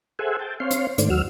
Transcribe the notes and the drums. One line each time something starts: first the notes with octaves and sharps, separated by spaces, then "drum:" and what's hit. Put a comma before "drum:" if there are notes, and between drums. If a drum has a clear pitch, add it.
G#4 A4 C5 E5 F#5 G#5
G5 A5
C4 C#5 F5 C6
drum: hi-hat
G#2 D#3 A3 C5 D5, drum: hi-hat
D#2 F#3 F#4 E6 F6